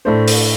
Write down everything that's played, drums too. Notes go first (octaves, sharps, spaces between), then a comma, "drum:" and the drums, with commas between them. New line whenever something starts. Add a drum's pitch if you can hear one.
A2 A3 D4 C5
drum: open hi-hat